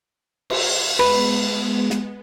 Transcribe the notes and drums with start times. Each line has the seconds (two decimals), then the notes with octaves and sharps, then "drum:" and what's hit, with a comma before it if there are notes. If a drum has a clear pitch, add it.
0.50 drum: cymbal
0.99 G#3 B3 B4, drum: rim click
1.90 drum: snare